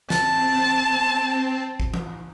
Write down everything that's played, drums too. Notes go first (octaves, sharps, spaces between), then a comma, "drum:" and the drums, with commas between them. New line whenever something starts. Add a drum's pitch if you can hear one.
C4 A5, drum: snare
drum: kick G#1
drum: tom E3